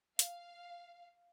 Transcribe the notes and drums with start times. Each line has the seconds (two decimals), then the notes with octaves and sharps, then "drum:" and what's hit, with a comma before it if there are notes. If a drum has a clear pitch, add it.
0.19 F5, drum: hi-hat